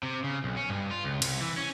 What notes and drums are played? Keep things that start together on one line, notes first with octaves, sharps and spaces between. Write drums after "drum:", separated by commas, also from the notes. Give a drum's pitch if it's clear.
C3
C#3
B1
C#4
G2
F4
C#2
C2, drum: cymbal
E3
C#4